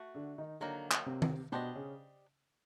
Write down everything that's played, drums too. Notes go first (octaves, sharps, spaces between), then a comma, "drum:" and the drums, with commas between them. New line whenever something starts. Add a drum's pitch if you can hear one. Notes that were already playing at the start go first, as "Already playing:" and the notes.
Already playing: A3 F#4
D3 D4
D#3 D#4
D3 D#3 F#3 A#3 D4
drum: clap
C3 C4
drum: tom D#3
B2 B3 D4 G4 C5 D#5
C#3 C#4